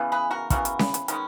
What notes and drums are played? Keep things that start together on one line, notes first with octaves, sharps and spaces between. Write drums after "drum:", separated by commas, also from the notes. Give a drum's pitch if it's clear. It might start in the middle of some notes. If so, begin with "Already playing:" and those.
Already playing: C#3 E3 B3
G#4 B4
F#4 A#4
C#3 E3 B3 F#4 A#4, drum: kick, hi-hat
drum: hi-hat
B3, drum: snare C#4
drum: hi-hat
D#3 G#3 B3 C#4, drum: hi-hat